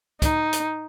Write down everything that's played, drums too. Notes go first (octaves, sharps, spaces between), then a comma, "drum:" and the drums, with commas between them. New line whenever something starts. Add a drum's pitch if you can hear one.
D#4, drum: kick, hi-hat
drum: hi-hat